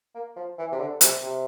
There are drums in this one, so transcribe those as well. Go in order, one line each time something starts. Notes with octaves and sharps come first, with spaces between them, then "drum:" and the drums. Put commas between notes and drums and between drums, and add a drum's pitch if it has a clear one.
A#3
F3
E3
C3
D3
C3, drum: hi-hat
C3